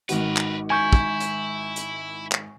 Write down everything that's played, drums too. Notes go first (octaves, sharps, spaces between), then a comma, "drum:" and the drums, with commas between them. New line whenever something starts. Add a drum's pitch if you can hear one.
G#1 D#3 F#4 A#4 B4, drum: hi-hat
drum: clap
E4 G#5 C#6 G6
drum: kick
drum: hi-hat
drum: hi-hat
drum: clap